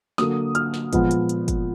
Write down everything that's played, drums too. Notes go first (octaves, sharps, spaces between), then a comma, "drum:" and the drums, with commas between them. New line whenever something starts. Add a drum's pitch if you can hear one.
D3 F#3 A#3 D#6, drum: snare
F6, drum: hi-hat
drum: snare
A#2 F3 G#3 B3, drum: kick, hi-hat
drum: hi-hat
drum: hi-hat
drum: kick, hi-hat